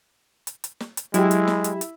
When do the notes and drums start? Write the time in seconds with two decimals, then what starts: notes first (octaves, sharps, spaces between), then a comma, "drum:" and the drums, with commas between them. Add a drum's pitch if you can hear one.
0.47 drum: hi-hat
0.64 drum: hi-hat
0.80 drum: snare
0.97 drum: hi-hat
1.14 F#3 G#3 E4 G4, drum: hi-hat
1.31 drum: hi-hat
1.48 drum: snare
1.64 drum: hi-hat
1.81 drum: hi-hat